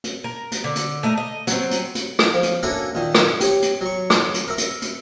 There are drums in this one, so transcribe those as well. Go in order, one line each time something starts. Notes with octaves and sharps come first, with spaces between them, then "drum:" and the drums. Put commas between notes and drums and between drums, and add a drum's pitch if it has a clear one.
drum: hi-hat
A#4
drum: hi-hat
D3
drum: hi-hat
A3 A#4 D#5
D#5
F#3 C4, drum: hi-hat
drum: hi-hat
drum: hi-hat
drum: rim click
F3
drum: hi-hat
A#3 C#4 D4 E4 F#4 A4
A#2 D#3
drum: rim click
G4 C#5, drum: hi-hat
drum: hi-hat
F#3 C#6
drum: rim click
drum: hi-hat
A#4 E5
drum: hi-hat
drum: hi-hat